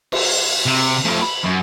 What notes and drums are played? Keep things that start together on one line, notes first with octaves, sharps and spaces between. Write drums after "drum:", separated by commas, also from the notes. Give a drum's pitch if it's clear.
drum: cymbal
C3
F3 A3
B5
F#2